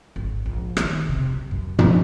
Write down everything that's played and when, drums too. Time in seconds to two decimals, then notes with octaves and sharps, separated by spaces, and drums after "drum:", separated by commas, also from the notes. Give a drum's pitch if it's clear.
0.16 G#1
0.46 A#1
0.77 D#3, drum: rim click
1.09 C3
1.30 B1
1.51 F#2
1.79 F3, drum: tom